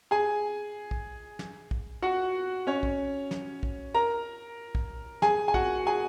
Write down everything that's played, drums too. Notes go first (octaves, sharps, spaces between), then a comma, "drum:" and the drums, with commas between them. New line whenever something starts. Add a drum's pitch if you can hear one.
G#4 G#5
drum: kick
drum: snare
drum: kick
F#4 F#5
C#4 C#5
drum: kick
drum: snare
drum: kick
A#4 A#5
drum: kick
G#4 G#5, drum: snare
G#5
F#4 F#5, drum: kick
G#4 G#5